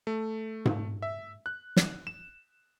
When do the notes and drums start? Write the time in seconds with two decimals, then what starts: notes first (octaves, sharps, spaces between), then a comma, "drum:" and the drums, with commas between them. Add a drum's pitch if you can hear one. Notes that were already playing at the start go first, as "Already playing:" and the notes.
0.07 A3
0.65 drum: tom G#2
1.02 E5
1.46 F#6
1.76 drum: snare
2.07 E7